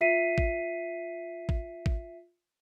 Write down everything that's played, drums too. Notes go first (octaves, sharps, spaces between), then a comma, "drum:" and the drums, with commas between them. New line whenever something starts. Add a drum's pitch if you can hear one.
F4 E5 B6 C7 D#7
drum: kick
drum: kick
drum: kick